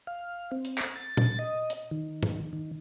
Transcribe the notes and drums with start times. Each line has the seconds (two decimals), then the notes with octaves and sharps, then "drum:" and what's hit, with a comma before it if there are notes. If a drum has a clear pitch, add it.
0.07 F5
0.52 C4
0.65 drum: hi-hat
0.78 drum: clap
0.96 A6
1.17 drum: tom A#2
1.39 D#5
1.70 drum: hi-hat
1.91 D#3
2.23 drum: tom G#2
2.53 D#3